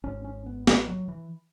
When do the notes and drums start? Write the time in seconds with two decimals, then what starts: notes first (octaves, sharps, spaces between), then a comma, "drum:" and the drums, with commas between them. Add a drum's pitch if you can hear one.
0.03 G#1 G#2 C#4
0.24 C#4
0.46 B3
0.67 A#3, drum: snare
0.88 F#3
1.08 E3